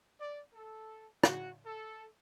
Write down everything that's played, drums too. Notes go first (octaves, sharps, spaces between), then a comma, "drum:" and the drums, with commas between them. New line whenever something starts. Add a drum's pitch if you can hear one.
D5
A4
F#4, drum: rim click
A4